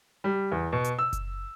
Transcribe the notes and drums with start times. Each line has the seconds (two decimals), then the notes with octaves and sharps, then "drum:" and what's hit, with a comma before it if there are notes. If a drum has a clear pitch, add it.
0.24 G3
0.51 E2
0.72 B2
0.84 drum: hi-hat
0.99 E6
1.13 drum: kick F#1, hi-hat